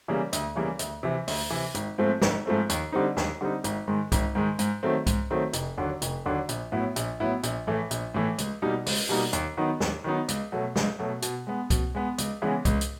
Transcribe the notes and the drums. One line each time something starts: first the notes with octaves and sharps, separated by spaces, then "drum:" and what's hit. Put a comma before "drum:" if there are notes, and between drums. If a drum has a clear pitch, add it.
C#3 E3 G3 A#3
D2, drum: hi-hat
C#3 E3 G3 A#3
D2, drum: hi-hat
C3 E3
D2, drum: open hi-hat
C3 E3
G#1, drum: hi-hat
G#2 F3 A3 C4
G#1, drum: snare
G#2 F3 A3 C4
D#2, drum: hi-hat
D3 G3 C4 D#4
D#2, drum: snare
D3 G3 C4 D#4
G#1, drum: hi-hat
G#2 D#3 G#3
G#1, drum: kick C2, hi-hat
G#2 D#3 G#3
G#2, drum: hi-hat
D#3 F#3 A3 C4
G#2, drum: kick C2, hi-hat
D#3 F#3 A3 C4
F1, drum: hi-hat
D#2 D3 F#3
F1, drum: hi-hat
D#2 D3 F#3
A#1, drum: hi-hat
A2 F#3 B3 E4
A#1, drum: hi-hat
A2 F#3 B3 E4
A#1, drum: hi-hat
A2 E3 A3
A#1, drum: hi-hat
A2 E3 A3
C#2, drum: hi-hat
B2 G3 A#3 D#4
C#2, drum: open hi-hat
B2 G3 A#3 D#4
D#2, drum: hi-hat
D#3 F#3 B3 D#4
D#2, drum: snare
D#3 F#3 B3 D#4
C#2, drum: hi-hat
B2 F#3 A3
C#2, drum: snare
B2 F#3 A3
B2, drum: hi-hat
G#3 B3
B2, drum: kick C2, hi-hat
G#3 B3
C#2, drum: hi-hat
C#3 E3 G#3 B3
C#2, drum: kick C2, hi-hat
drum: hi-hat